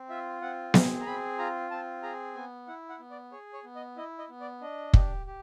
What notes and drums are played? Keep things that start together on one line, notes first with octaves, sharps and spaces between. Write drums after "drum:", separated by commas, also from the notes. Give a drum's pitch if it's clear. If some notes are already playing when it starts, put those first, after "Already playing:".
Already playing: C4
F4 E5
C4 F#5
G#4 A#5, drum: snare B3
A#5
C4 B5
F4 A#5
C4 A5
G#4 A#5
B3 G#5
E4 F#5
F#5
B3
D5
G#4 C#5
C#5
B3
D#5
E4 D#5
D#5
B3
D5
D4 D#5
G4, drum: kick
G4